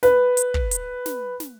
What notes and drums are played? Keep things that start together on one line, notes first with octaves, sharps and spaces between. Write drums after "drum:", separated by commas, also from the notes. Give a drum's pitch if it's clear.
B4, drum: snare
drum: hi-hat
drum: kick
drum: hi-hat
drum: snare
drum: snare